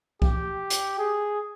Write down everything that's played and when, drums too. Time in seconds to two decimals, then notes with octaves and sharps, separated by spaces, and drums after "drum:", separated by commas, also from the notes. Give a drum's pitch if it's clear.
0.22 G4, drum: kick C2
0.70 drum: hi-hat
0.99 G#4